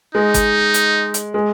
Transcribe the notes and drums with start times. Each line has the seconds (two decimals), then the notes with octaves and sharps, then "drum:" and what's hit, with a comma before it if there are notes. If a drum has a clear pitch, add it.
0.14 G#3 D#4
0.34 drum: kick G1, hi-hat
0.74 drum: hi-hat
1.14 drum: hi-hat
1.34 G#3